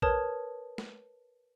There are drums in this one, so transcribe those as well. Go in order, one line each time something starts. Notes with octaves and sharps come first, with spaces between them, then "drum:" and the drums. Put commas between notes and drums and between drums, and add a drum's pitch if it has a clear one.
A#4 B4 C#5 A5 D#6 G#6, drum: kick A#1
drum: snare